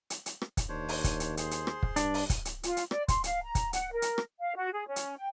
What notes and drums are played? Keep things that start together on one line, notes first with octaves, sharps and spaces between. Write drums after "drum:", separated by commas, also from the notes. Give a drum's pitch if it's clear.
drum: hi-hat
drum: hi-hat
drum: rim click
drum: kick, hi-hat
D#2 D4 C5 C#5
drum: open hi-hat
drum: kick, hi-hat
drum: hi-hat
G#4 C5 C6, drum: hi-hat
drum: hi-hat
drum: rim click
drum: kick
G2 D4, drum: hi-hat
drum: open hi-hat
drum: kick, hi-hat
drum: hi-hat
F4, drum: hi-hat
drum: hi-hat
D5, drum: rim click
C6, drum: kick, hi-hat
F5, drum: hi-hat
A#5
drum: kick, hi-hat
F#5, drum: hi-hat
A#4
drum: hi-hat
drum: rim click
F5
F#4
G#4
C#4
drum: hi-hat
G5